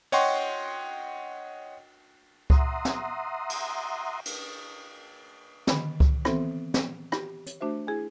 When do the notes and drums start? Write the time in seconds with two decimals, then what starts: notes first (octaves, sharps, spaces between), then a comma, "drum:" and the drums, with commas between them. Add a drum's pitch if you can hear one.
0.12 C#5 D#5 F#5 G5 C6 C#6, drum: cymbal
2.50 E5 F#5 A#5 C6 D#6, drum: kick C#2
2.85 drum: snare
3.50 drum: cymbal
4.26 drum: cymbal
5.67 D3 D#3 B5, drum: snare
6.00 drum: kick C#2
6.25 E3 B3 C4 A4 C5, drum: rim click
6.74 drum: snare
7.12 G4, drum: rim click
7.46 C#5, drum: hi-hat
7.61 A3 D4 F#4 C5 E5
7.87 E4 G#4 G#5